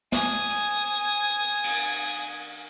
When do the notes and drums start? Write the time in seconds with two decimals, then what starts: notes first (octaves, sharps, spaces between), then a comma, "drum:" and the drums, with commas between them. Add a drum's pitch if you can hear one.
0.12 G#5 D#6, drum: snare
0.50 drum: hi-hat
1.64 drum: cymbal